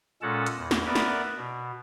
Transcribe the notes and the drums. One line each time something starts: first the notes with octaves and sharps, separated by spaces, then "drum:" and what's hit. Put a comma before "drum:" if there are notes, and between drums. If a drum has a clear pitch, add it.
A#2 G#3 C#4 A4 F#5 A5
drum: hi-hat
E2
drum: snare
B3 A#4 B4 D5 E5
drum: snare
B2